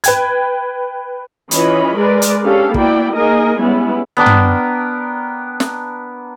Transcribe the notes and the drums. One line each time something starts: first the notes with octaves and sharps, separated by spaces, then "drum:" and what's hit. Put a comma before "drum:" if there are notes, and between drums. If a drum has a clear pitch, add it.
B4 G5 G#6, drum: hi-hat
E3 C#4 F4 C#5 D#5 B5, drum: hi-hat
G#3 G#4 A#4 B4 D5
drum: hi-hat
C#4 D4 G4 A4 F5
A#3 B3 E4 F#4 D5 G5, drum: kick
A#3 D#4 G#4 A#4 D#5 G#5
G3 G#3 B3 C#4 E4
B3 D4 A#4 G5
drum: tom
drum: snare